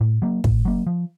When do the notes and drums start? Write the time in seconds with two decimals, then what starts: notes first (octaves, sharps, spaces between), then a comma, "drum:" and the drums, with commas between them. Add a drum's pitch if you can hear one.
0.01 A2
0.22 F#3 A#3
0.44 A2, drum: kick
0.65 F#3 A#3
0.87 F3